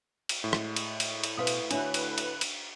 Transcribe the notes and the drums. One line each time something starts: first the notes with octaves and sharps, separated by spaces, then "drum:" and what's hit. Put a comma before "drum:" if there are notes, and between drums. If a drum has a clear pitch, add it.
drum: cymbal
A2 G#3
drum: rim click
drum: cymbal
drum: cymbal
drum: cymbal
B2 B4 C5 E5 F5 D#6
drum: cymbal
D3 D4 E4 F#4 B4 C#5, drum: cymbal
drum: cymbal
drum: cymbal
drum: cymbal